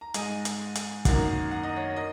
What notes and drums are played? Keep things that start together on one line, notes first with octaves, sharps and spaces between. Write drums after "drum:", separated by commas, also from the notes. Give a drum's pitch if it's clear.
A#5
G#2 G#3 D#5 G#5, drum: hi-hat
drum: hi-hat
drum: hi-hat
F#2 D#3 A#3 F#5 A#5, drum: kick, hi-hat
F#5
D#5
C#5 F#5
A#4 D#5